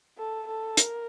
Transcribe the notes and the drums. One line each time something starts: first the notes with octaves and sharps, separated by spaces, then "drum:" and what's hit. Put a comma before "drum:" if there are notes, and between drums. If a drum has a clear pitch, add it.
A4
A4
A#4, drum: hi-hat